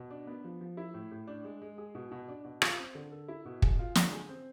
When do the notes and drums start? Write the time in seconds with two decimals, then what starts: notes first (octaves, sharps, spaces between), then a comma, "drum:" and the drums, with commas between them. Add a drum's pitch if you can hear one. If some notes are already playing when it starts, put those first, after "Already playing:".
Already playing: B2
0.10 D4
0.27 B3
0.44 F3
0.61 F3
0.77 E4
0.94 A2
1.11 A2
1.27 D4
1.44 G#3
1.62 G#3
1.78 G#4
1.95 B2
2.11 B2
2.28 D4
2.44 B2
2.62 F4, drum: rim click
2.79 C4
2.95 D3
3.12 A4
3.28 E4
3.45 B2
3.62 G#4, drum: kick
3.79 F4
3.95 D3, drum: snare
4.13 G#4
4.29 C4